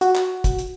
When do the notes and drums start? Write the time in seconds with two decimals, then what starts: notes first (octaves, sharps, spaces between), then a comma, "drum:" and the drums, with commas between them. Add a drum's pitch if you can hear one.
0.01 F#4, drum: hi-hat
0.16 drum: clap
0.44 drum: kick, hi-hat
0.59 drum: hi-hat